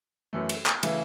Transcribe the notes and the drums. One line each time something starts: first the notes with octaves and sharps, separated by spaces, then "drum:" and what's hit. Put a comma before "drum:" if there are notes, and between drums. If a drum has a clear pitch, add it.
F#2 E3 A3
drum: cymbal
drum: clap
C#3 E3 A3 E4, drum: cymbal